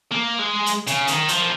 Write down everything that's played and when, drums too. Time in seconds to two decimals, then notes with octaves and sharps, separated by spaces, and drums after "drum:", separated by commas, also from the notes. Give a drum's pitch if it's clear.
0.12 A#3
0.39 G#3
0.66 drum: hi-hat
0.87 C#3, drum: hi-hat
1.07 D#3, drum: hi-hat
1.28 F3, drum: hi-hat
1.41 A#3